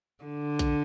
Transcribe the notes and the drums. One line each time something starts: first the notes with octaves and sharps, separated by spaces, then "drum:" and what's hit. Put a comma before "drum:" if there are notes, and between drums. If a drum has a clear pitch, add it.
D3
drum: kick A#1, hi-hat